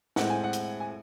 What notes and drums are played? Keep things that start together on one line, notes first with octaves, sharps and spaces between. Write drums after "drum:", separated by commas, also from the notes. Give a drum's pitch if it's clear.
A2 G#3 C4 F#5, drum: snare
G#5
F#5
drum: hi-hat
G#5